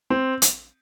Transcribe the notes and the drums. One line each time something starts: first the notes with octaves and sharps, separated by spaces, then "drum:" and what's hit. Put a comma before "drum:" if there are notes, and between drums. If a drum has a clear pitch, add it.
C4
drum: hi-hat